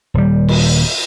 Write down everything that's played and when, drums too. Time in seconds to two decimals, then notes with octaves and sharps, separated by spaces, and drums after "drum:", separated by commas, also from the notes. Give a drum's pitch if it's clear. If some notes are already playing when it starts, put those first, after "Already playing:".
0.14 D#1 G3
0.49 drum: cymbal